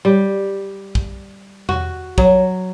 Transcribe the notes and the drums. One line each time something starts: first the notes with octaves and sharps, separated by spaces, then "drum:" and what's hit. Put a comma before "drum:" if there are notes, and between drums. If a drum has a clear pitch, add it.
G3
drum: kick
F#4, drum: tom E2
F#3, drum: kick